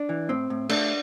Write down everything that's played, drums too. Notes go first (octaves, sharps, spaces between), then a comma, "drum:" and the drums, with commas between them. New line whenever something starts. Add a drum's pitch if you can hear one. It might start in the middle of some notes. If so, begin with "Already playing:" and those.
Already playing: D4
E3
A2 C4
A2
A3 D4, drum: cymbal